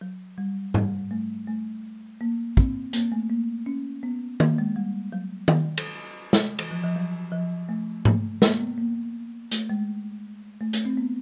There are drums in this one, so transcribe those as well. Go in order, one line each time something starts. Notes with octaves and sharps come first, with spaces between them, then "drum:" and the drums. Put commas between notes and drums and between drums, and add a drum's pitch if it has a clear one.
F#3
G3
G3, drum: tom G#2
A3
A3
A#3
C4, drum: kick
A#3, drum: hi-hat
A3
A#3
C#4
B3
A#3, drum: tom D#3
G#3
G3
F#3
drum: tom D#3
drum: cymbal
drum: snare
E3, drum: cymbal
F3
F3
F#3
F3
A3
A3, drum: tom G#2
A#3, drum: snare
B3
A#3
A3, drum: hi-hat
G#3
A3
A3, drum: hi-hat
C4
B3